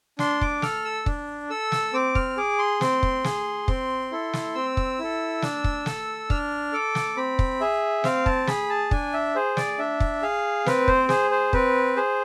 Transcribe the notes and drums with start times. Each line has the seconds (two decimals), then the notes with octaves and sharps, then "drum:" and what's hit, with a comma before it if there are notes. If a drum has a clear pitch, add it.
0.19 D4 C6, drum: snare
0.41 D6, drum: kick
0.62 A4 F6, drum: snare
0.85 E6
1.06 D4, drum: kick
1.50 A4 E6
1.72 drum: snare
1.93 C4 D6
2.15 F6, drum: kick
2.37 G#4 D6
2.59 C6
2.81 C4, drum: snare
3.03 drum: kick
3.24 G#4, drum: snare
3.68 C4, drum: kick
4.12 E4 A4
4.34 drum: snare
4.55 C4 E6
4.77 drum: kick
4.99 E4 A4
5.42 D4, drum: snare
5.64 drum: kick
5.86 A4, drum: snare
6.30 D4 F6, drum: kick
6.73 A4 D6
6.95 drum: snare
7.17 C4 B5
7.39 drum: kick
7.60 G#4 E5
8.04 C4 F5, drum: snare
8.26 A5, drum: kick
8.47 G#4 B5, drum: snare
8.69 A5
8.91 D4 G#5, drum: kick
9.13 E5
9.35 G#4 C5
9.57 D5, drum: snare
9.79 D4 E5
10.00 drum: kick
10.22 G#4 F5
10.66 C4 B4, drum: snare
10.88 C5, drum: kick
11.09 G#4 C5, drum: snare
11.31 C5
11.53 C4 B4, drum: kick
11.96 G#4 C5